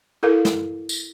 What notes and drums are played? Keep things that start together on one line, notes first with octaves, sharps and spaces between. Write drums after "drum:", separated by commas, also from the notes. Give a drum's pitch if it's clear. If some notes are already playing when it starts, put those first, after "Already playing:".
E4 A4 A#4 F5
drum: snare
drum: tambourine